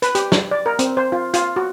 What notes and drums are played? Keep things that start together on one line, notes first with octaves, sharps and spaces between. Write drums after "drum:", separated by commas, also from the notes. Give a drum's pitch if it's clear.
B4, drum: hi-hat
G4, drum: hi-hat
drum: snare
D5
A#4
C4, drum: hi-hat
C5
F4
F4, drum: hi-hat
F#4